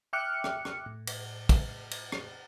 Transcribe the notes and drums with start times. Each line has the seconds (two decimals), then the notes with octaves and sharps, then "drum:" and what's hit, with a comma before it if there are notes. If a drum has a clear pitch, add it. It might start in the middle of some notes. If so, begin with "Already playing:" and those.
0.13 E5 G5 D6 F6 F#6 C#7
0.44 drum: rim click
0.65 drum: rim click
0.86 A2
1.07 drum: cymbal
1.49 drum: kick, cymbal
1.91 drum: cymbal
2.12 drum: rim click